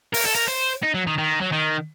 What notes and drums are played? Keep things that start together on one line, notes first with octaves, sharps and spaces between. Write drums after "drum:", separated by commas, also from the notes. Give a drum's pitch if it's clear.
A#4, drum: open hi-hat
A4
A#4
C5
D#4
F#3
D#3
D#3
F#3
D#3